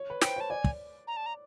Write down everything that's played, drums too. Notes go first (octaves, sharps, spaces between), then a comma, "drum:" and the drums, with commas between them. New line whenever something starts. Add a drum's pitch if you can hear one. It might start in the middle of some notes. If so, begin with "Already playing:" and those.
Already playing: C#5
B4
C5 G5, drum: snare
C#5 A5
D5 G#5
drum: kick
A#5
A5
A#5